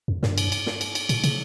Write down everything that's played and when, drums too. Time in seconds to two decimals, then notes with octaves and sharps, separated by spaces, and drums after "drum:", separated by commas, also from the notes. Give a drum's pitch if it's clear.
0.08 F2
0.23 G2, drum: snare
0.38 drum: cymbal
0.52 drum: cymbal
0.66 drum: snare
0.81 drum: cymbal
0.95 drum: cymbal
1.09 A#2, drum: cymbal
1.24 C3, drum: cymbal